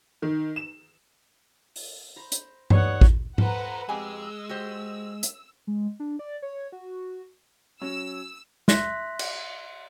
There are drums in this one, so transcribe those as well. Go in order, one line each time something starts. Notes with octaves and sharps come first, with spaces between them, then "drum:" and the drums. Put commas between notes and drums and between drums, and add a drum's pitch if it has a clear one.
D#3
E7
drum: open hi-hat
C5 A#5 B5
drum: hi-hat
G3 B3 D#4 C#5 F#5, drum: tom G2
drum: kick A1
A4 B4 C5 F#5 A#5, drum: tom G#2
F2 G#3 G4 G#5 E6
F#4 G4 C5
drum: hi-hat
G#3
D4
D5
C#5
F#4
F#3 C#4 E6
E5 C6 F#6 A#6 B6, drum: snare
drum: cymbal